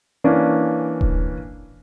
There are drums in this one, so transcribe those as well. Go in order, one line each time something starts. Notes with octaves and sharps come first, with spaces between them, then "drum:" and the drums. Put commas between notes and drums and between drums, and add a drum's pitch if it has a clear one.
E3 A#3 C#4 D4
drum: kick D#1